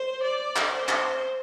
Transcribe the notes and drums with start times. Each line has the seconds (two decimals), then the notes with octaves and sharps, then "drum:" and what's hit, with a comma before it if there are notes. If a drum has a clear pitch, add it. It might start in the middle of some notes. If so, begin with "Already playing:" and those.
Already playing: C5
0.23 D5
0.56 drum: clap
0.73 C5
0.88 drum: clap